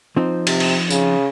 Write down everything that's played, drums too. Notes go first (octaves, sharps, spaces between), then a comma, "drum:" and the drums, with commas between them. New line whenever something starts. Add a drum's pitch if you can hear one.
F3 C4 D#4
C3, drum: cymbal
drum: cymbal
C#3, drum: tambourine